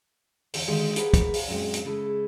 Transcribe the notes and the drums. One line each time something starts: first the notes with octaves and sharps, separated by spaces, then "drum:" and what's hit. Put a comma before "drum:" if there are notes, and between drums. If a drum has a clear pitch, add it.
E2 D3 C5 C#5 E5 F#5, drum: open hi-hat
D3 D#3 G#3 F#4 G4
G4 G#4 A#4 B4 F#5, drum: hi-hat
drum: kick, hi-hat
drum: open hi-hat
F#2 A#2 F#3 G#3 C4
drum: hi-hat
C#3 G#3 E4 A4